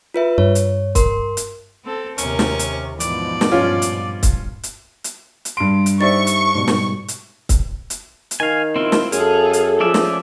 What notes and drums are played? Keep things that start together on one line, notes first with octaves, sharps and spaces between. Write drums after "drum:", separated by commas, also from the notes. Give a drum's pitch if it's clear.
F4 B4 E5
G2 C#5
drum: hi-hat
A#4 C6, drum: kick, hi-hat
drum: hi-hat
C4 A4
D#2 C3 C#4 A#4, drum: hi-hat
drum: snare
drum: hi-hat
G#2 B2 E3 F3 D5, drum: hi-hat
drum: snare
G2 A#2 C#4 F4
drum: hi-hat
drum: kick, hi-hat
drum: hi-hat
drum: hi-hat
drum: hi-hat
G2 C6 D7
drum: hi-hat
D#4 G4 C5 D5 E5 C#6 A6
drum: hi-hat
G#2 B2 G3
drum: snare
drum: hi-hat
drum: kick, hi-hat
drum: hi-hat
drum: hi-hat
D#3 F5 G#5
C4 E4 F4
drum: snare
F#2 G#4 A4 F5, drum: hi-hat
drum: hi-hat
F3 C#4 G#4 D5 E5
drum: snare